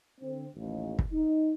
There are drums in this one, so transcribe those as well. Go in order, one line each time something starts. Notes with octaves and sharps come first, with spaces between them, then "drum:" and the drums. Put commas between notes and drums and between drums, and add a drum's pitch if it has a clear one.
D3 C4
A1 D#2
drum: kick
D#4